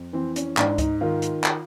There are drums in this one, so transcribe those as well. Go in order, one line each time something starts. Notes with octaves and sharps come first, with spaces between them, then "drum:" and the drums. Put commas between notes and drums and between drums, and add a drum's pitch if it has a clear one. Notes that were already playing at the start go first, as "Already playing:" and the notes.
Already playing: F2
E3 C4
C#4, drum: hi-hat
G#2 D4, drum: clap
D#4, drum: kick C#2, hi-hat
D#3 F4
drum: hi-hat
drum: clap